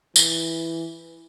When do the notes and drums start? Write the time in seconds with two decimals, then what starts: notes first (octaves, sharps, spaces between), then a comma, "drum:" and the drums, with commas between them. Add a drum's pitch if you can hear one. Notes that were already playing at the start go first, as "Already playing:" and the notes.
0.16 E3, drum: tambourine